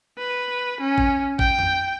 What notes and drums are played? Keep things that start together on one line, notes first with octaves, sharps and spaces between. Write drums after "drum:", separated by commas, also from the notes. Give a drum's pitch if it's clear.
B4
C#4
drum: kick A1
G5, drum: kick A1
drum: tom F2